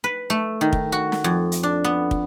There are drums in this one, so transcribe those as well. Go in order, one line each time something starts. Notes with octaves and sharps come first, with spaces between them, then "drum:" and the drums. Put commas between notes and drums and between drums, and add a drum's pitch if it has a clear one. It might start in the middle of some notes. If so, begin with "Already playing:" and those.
B4
A3
D#3
drum: kick
F#4
drum: snare
F2
drum: hi-hat
D4
B3
drum: kick